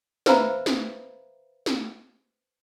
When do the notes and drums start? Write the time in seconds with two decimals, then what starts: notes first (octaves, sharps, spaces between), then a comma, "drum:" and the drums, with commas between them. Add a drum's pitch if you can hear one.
0.26 B4 C5 E5 F5 A#5 B5, drum: snare
0.66 drum: snare
1.66 drum: snare